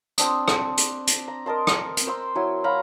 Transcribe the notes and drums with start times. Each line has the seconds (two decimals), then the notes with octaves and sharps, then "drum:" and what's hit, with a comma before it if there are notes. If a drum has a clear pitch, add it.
0.18 C4 D4 D#6, drum: hi-hat
0.48 drum: rim click
0.77 drum: hi-hat
1.07 drum: hi-hat
1.28 A#5
1.46 A#4 D#5 A5 C6
1.67 drum: rim click
1.97 drum: hi-hat
2.07 C5 C6 E6
2.35 F#3 E4 G#5
2.64 F#3 F5 A#5 B5